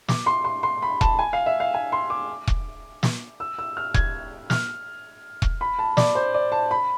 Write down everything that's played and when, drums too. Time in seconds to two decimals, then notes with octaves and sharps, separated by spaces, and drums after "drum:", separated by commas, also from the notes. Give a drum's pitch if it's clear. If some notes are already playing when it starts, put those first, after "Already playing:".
0.08 D6, drum: snare
0.26 C6
0.44 C6
0.63 C6
0.82 B5
1.01 A5, drum: kick E1
1.19 G#5
1.33 F5
1.46 E5
1.60 F5
1.74 G#5
1.92 C6
2.10 D6
2.47 drum: kick E1
3.03 drum: snare
3.40 E6
3.58 E6
3.77 F6
3.94 G#6, drum: kick E1
4.50 F6, drum: snare
5.42 drum: kick E1
5.61 B5
5.79 A5
5.97 D5, drum: snare
6.15 C5
6.34 D5
6.52 A5
6.71 B5